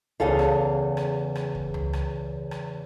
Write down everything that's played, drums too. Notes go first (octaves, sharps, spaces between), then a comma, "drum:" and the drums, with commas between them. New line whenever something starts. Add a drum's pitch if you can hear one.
E2 C#3 G#4 A4 F5, drum: tom C#2
drum: rim click
drum: rim click
drum: rim click
drum: kick
drum: tom C#2
drum: rim click
drum: rim click